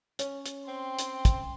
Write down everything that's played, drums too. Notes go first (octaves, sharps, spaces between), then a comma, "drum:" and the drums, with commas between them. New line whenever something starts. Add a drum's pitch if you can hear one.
C#4, drum: hi-hat
drum: hi-hat
C4 G5 C6
drum: hi-hat
drum: kick, hi-hat